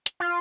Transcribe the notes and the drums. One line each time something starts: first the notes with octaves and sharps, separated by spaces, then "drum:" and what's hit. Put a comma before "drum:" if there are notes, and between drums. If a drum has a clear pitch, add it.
drum: hi-hat
F4